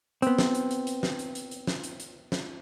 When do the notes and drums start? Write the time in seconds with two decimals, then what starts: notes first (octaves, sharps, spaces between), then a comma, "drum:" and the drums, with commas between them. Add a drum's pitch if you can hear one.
0.22 B3 C4, drum: hi-hat
0.39 drum: snare
0.55 drum: hi-hat
0.71 drum: hi-hat
0.87 drum: hi-hat
1.03 drum: snare
1.19 drum: hi-hat
1.35 drum: hi-hat
1.51 drum: hi-hat
1.67 drum: snare
1.84 drum: hi-hat
2.00 drum: hi-hat
2.32 drum: snare